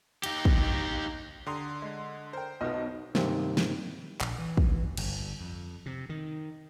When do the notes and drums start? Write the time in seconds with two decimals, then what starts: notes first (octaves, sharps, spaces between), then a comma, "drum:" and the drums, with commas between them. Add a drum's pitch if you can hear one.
0.23 D#4 G4, drum: hi-hat
0.45 drum: kick
1.46 D3 G4 A#5 C6 D#6
1.82 G#3
2.33 A#4 C5 G5
2.61 B1 B3 F#4 D#5 F6
3.15 G2 C3 D#3 G3 A#3 C4, drum: snare
3.57 drum: snare
4.21 A#1, drum: clap
4.38 E3
4.57 drum: kick
4.97 G1, drum: cymbal
5.41 F2
5.86 C3
6.09 D#3